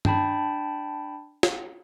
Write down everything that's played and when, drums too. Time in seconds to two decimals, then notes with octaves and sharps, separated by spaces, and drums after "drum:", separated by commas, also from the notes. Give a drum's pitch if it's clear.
0.05 D4 G5 A5 B5, drum: tom G2
1.43 drum: snare